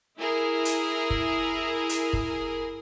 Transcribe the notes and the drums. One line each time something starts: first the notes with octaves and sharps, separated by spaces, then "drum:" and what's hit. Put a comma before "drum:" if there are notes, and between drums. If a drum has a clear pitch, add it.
E4 G#4 A#4
drum: hi-hat
drum: kick
drum: hi-hat
drum: kick